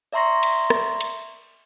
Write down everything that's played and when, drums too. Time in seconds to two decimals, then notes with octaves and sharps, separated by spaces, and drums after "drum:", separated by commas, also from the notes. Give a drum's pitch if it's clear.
0.13 D5 E5 A#5 C6 C#6 A#6
0.43 drum: cymbal
0.70 drum: rim click
1.01 drum: hi-hat